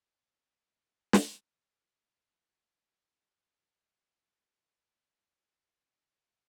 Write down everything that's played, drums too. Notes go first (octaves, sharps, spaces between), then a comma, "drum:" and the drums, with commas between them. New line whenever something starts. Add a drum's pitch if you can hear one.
B1 G2
drum: snare
D3
B3
A4
G#3
F3
F#4
B4
C#4
G4
G3
E4
C4
A#3
F5